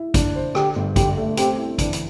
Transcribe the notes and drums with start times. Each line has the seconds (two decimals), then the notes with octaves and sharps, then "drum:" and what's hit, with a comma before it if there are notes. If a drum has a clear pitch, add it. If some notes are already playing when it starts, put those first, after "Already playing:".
Already playing: E4
0.14 D4, drum: kick, hi-hat
0.35 C5
0.55 D3 G4, drum: rim click
0.75 G1
0.96 D3 G4, drum: kick, hi-hat
1.17 A3
1.37 C4 G4, drum: hi-hat
1.58 E4
1.78 E3 D4, drum: kick, hi-hat
1.93 drum: hi-hat